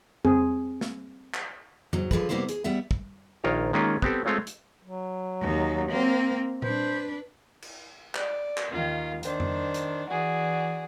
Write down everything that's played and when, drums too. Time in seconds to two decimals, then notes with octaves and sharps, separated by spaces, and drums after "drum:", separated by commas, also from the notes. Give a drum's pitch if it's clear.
0.25 C4 G#4, drum: tom F2
0.81 drum: snare
1.34 drum: clap
1.93 G#2 F#3, drum: tom F2
2.11 D3 F3 G#4 B4, drum: kick
2.29 C3 G3 A#3 B3 E4 C5
2.49 G#4, drum: hi-hat
2.64 G3 B3 E5 F#5
2.91 drum: kick
3.44 A#1 D#3 F4 A#4 C#5
3.73 D#3 G#3 A#3 C#4 F4 A#4
4.02 B3 C4 G4 A4, drum: kick
4.25 G#3 A3 C4 F4 C#5
4.47 drum: hi-hat
4.84 F#3
5.41 D#2 D#4
5.89 A#3 C4
6.62 D4 B4 C5, drum: tom A#2
7.62 drum: cymbal
8.15 D5, drum: clap
8.57 drum: clap
8.70 D#2 D#3 F4 F5
9.23 D#3 D4 C5, drum: hi-hat
9.40 drum: tom F2
9.74 drum: hi-hat
10.09 E3 F#4 G#4 D5